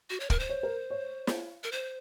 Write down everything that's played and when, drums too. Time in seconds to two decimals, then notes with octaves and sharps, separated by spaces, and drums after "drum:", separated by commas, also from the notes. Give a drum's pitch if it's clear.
0.10 F#4
0.20 C#5
0.30 A#4, drum: kick
0.39 C5
0.49 C#5
0.63 A#4
0.90 C#5
1.27 drum: snare
1.64 A#4
1.72 C5